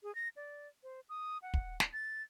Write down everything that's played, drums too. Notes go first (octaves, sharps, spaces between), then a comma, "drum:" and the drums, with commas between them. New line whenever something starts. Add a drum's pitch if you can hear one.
G#4
A#6
D5
C5
D#6
F#5
drum: kick
drum: snare
A6